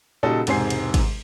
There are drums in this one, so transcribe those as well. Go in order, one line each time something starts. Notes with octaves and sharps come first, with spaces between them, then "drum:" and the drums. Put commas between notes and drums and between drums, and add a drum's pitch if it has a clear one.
A#2 C#3 G3 D#4 F#4 A4
E1 G#2 C3 C5 G#5 C7, drum: cymbal
drum: cymbal
drum: kick G#1, cymbal